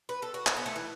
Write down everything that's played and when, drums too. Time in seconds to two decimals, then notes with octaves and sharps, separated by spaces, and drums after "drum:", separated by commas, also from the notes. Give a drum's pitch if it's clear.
0.09 B4
0.22 A4
0.34 F#4
0.47 E4, drum: clap
0.56 B3
0.66 A3
0.76 E3